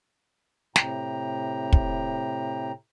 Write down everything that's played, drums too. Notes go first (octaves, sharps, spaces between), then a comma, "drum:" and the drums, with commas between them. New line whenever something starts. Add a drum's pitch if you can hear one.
A2 C3 G5 A#5, drum: snare
drum: kick